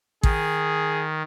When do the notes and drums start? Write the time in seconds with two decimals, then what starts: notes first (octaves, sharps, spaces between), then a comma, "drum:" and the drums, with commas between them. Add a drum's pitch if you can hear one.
0.23 D#3 G#4, drum: kick A1